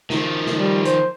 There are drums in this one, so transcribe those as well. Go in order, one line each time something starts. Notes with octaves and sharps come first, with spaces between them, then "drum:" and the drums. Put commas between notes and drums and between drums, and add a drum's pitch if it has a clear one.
D#3 F3, drum: snare
drum: snare
G3
C5, drum: hi-hat